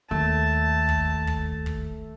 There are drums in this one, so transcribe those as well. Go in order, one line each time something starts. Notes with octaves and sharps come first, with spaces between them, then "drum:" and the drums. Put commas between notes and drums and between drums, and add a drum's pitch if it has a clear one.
D#2 A3 A5
drum: kick
drum: kick
drum: kick